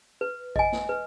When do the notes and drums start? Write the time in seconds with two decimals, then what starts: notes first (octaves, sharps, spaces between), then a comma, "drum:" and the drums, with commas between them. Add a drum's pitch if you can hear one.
0.21 B4
0.56 D#5 G#5, drum: kick A1
0.72 drum: snare
0.89 B4